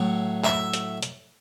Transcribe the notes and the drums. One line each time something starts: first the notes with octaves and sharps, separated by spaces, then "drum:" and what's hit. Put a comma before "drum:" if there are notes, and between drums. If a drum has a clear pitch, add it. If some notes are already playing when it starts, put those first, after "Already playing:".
Already playing: A2 F#3 A3
E5, drum: clap
drum: hi-hat
drum: hi-hat